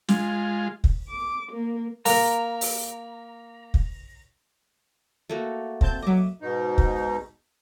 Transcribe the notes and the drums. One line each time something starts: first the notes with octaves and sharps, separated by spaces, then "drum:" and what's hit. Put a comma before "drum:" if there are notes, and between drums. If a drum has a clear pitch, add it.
G#3 F4, drum: snare
drum: kick
D6
A#3
A#3 A#4 A#5, drum: open hi-hat
drum: open hi-hat
drum: kick
A3 A#3 F#4
C4 A5 G6, drum: kick
F#3 D#5 E5 D6
G#2 B2 D#4
drum: kick